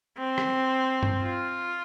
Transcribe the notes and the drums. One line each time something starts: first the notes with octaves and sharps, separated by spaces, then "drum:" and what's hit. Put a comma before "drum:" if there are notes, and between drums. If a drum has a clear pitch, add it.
C4
drum: rim click
drum: tom G2
F4